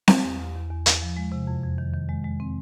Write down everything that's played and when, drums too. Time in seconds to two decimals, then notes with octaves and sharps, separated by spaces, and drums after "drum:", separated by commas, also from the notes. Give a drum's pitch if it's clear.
0.08 drum: snare C4
0.24 E2
0.40 E2
0.55 E2
0.71 E2
0.86 E2, drum: hi-hat
1.02 F3
1.17 G#3
1.32 C3
1.47 F2
1.63 F2
1.78 D#3
1.94 D#3
2.09 G#3
2.24 G#3
2.40 C4